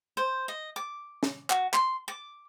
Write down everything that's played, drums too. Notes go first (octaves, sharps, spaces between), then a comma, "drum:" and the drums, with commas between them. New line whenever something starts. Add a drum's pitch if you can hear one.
C5
D#5
D6
drum: snare
F#4, drum: clap
C6, drum: clap
D6